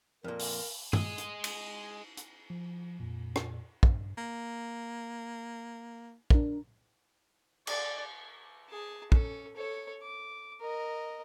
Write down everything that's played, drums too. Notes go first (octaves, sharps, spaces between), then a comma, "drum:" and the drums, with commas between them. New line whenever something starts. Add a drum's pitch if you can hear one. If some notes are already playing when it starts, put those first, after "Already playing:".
F2 A#2 A#4
drum: open hi-hat
G#4 D#5, drum: tom G2
drum: hi-hat
drum: cymbal
drum: hi-hat
F3
F2 A#2
drum: rim click
G2, drum: kick
A#3
D4 A#4, drum: kick
D5, drum: cymbal
G#4 A5
C#4 A4, drum: kick
A4 C#5
D6
A#4 D#5